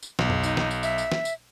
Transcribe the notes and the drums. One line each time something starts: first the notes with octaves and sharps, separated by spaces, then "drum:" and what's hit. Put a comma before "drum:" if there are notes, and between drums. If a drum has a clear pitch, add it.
drum: tambourine
B1, drum: snare
drum: tom F2
D#4, drum: tambourine
drum: snare
drum: tambourine
E5, drum: tambourine
drum: tambourine
drum: snare
drum: tambourine